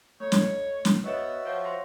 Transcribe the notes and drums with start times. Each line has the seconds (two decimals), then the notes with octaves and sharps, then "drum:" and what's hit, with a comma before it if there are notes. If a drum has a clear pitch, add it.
0.20 A3 C#5
0.32 drum: snare
0.85 drum: snare
1.04 B3 F#4 B4 C#5 D#5 E5
1.45 F3 C#5 F5 F#5
1.64 C5 C6 A#6